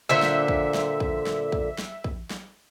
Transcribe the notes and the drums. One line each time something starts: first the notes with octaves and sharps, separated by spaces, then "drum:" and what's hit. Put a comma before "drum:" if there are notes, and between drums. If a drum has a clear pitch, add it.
A#2 D3 C5 E5
drum: snare
drum: kick
drum: snare
drum: kick
drum: snare
drum: kick
drum: snare
drum: kick
drum: snare